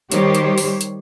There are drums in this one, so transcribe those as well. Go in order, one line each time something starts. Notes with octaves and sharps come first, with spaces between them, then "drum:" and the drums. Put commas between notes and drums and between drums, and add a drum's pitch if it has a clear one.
D#3 G3 G4 C5 C#5, drum: hi-hat
drum: hi-hat
drum: open hi-hat
drum: hi-hat